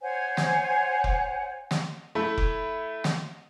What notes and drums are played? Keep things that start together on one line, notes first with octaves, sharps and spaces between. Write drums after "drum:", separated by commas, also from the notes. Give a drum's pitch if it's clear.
C5 C#5 F#5 G#5
drum: snare
drum: kick F1
drum: snare
A3 E4
drum: kick F1
drum: snare